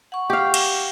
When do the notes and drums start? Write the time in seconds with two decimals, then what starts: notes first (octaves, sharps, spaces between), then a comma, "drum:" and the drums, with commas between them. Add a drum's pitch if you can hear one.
0.12 F#5 C#6
0.30 G4 F5
0.54 drum: cymbal